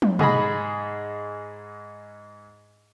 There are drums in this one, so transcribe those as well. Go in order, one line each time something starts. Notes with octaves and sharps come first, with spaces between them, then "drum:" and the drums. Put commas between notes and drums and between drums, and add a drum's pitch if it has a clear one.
drum: tom
G#2 G#4 D#5 B5, drum: tom B2